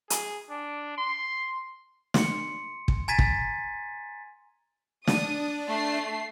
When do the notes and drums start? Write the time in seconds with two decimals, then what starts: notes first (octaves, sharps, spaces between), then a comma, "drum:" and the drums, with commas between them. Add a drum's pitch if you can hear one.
0.10 G#4, drum: hi-hat
0.50 D4
0.98 C6
2.14 C6 C#7, drum: snare
2.88 drum: kick
3.08 G#5 A#5 G#6 A6 B6 D#7
3.19 drum: kick
5.07 D4 D#6, drum: snare
5.67 A3 C7